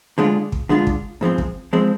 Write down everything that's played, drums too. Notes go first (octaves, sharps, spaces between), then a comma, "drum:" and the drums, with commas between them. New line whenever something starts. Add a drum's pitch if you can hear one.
D3 G#3 D4 F4
drum: kick
D3 G#3 D4 F4
drum: kick
G#2 F3 G#3 C4
drum: kick
F3 G#3 C4